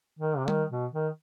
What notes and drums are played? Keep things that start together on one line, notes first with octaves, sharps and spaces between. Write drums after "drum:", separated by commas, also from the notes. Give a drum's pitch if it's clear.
D#3
C3
D#3, drum: tom G3
B2
D#3